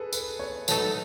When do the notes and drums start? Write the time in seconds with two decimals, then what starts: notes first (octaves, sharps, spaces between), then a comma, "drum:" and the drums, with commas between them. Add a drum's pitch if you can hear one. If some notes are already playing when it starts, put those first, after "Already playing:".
Already playing: G#4 A4 B4
0.13 B4, drum: tambourine
0.39 C#5
0.68 F#3 A3 D#4 A4 B4, drum: tambourine